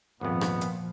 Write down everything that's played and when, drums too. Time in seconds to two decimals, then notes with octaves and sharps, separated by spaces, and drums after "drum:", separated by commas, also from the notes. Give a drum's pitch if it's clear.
0.21 G#1 F2 A#2 F3 B3
0.41 drum: rim click
0.61 drum: hi-hat